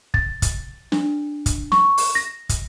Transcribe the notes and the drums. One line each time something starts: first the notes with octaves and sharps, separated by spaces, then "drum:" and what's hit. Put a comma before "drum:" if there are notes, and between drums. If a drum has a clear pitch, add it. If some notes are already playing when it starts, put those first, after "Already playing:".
A6, drum: kick
drum: kick, hi-hat
D4, drum: snare
drum: kick, hi-hat
C#6, drum: snare
drum: open hi-hat
A#6
drum: kick, hi-hat